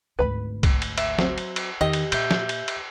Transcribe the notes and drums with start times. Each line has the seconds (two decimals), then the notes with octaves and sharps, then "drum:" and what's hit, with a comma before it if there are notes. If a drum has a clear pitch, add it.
0.19 G#1 D2 B4 B5
0.63 drum: kick, cymbal
0.82 drum: cymbal
0.98 E5, drum: cymbal
1.19 F#3 C4, drum: snare
1.38 drum: cymbal
1.56 drum: cymbal
1.81 E2 D#3 G4 D#5
1.93 drum: cymbal
2.12 A#2 E5 G6, drum: cymbal
2.31 drum: snare
2.49 drum: cymbal
2.68 drum: cymbal